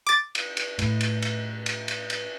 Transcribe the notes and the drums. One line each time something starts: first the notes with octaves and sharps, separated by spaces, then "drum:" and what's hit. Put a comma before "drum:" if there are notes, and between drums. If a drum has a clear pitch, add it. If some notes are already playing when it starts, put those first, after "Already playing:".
D6 A6
drum: cymbal
drum: cymbal
A2, drum: cymbal
drum: cymbal
drum: cymbal
drum: cymbal
drum: cymbal
drum: cymbal